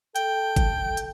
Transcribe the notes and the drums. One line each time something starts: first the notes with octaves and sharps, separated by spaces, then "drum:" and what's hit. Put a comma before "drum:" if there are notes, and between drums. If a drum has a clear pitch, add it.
A4 G5, drum: hi-hat
drum: kick G1, hi-hat
drum: hi-hat